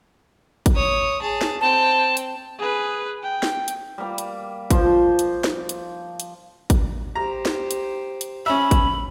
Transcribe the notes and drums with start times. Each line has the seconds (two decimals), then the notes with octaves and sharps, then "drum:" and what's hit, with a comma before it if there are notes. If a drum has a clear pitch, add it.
0.66 drum: kick G#1, hi-hat
0.75 C#5 D#6
1.21 G#4 A5
1.41 drum: snare
1.61 C4 G5 A5
2.17 drum: hi-hat
2.59 G#4 B4
3.23 G5
3.43 drum: snare
3.68 drum: hi-hat
3.98 G3 A#3
4.18 drum: hi-hat
4.71 F3 C5, drum: kick G#1, hi-hat
5.19 drum: hi-hat
5.44 drum: snare
5.69 drum: hi-hat
6.20 drum: hi-hat
6.70 drum: kick G#1, hi-hat
7.16 G4 C5 A#5
7.45 drum: snare
7.71 drum: hi-hat
8.21 drum: hi-hat
8.46 C#4 E5 B5
8.71 drum: kick G#1, hi-hat